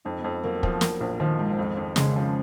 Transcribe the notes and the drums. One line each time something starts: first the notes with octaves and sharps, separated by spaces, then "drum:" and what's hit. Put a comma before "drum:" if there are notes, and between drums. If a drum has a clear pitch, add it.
F2 D#4
B3
F2
F#3 A#3
F3, drum: kick
A#3, drum: snare
A#1
D#3 F3
G#2
F2
F2
C#3 G#3, drum: snare
F3